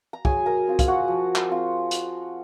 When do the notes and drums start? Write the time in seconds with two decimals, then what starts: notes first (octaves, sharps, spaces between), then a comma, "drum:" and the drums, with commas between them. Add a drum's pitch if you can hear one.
0.13 A#5
0.25 F#3 G#4 G#5, drum: kick
0.46 A#4 A#5
0.67 C4 F4
0.79 F5, drum: kick, hi-hat
0.88 F#4 F#5
1.08 F3
1.36 drum: clap
1.50 C4 F4
1.91 drum: hi-hat